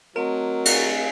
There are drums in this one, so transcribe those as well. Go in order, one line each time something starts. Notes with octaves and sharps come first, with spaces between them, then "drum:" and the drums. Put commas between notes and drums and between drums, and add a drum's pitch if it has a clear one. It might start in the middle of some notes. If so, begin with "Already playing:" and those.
F#3 A3 C4 A#4 D#5
drum: cymbal